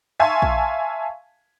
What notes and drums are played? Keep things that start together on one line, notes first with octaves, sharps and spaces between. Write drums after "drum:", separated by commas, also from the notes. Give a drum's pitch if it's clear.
E5 F5 G#5 A5 C6 C#6
drum: kick A#1